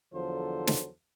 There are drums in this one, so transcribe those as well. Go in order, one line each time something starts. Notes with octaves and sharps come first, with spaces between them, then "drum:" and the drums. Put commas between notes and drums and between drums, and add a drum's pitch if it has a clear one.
E2 D3 F3 F#3 A4 C5
drum: snare